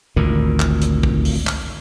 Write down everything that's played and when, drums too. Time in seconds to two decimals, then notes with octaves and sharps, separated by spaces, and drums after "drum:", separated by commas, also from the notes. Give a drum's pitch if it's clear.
0.16 G#1 D2 A#2 D#3
0.60 drum: clap
0.82 drum: hi-hat
1.03 drum: kick
1.25 drum: open hi-hat
1.47 drum: clap